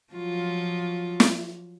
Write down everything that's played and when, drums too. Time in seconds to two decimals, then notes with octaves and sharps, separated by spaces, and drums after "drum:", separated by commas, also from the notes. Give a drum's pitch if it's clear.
0.13 F3 F#3 F4
1.20 drum: snare